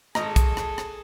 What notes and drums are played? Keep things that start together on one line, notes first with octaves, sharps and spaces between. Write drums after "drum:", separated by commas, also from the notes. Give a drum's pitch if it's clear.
G#1 G#4 A4 D#5 A#5, drum: rim click
drum: kick, hi-hat
drum: rim click
drum: rim click